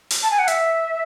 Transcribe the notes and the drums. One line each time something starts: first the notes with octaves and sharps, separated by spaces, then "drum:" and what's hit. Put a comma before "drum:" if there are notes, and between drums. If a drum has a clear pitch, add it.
drum: open hi-hat
A5
G#5
F#5
E5, drum: hi-hat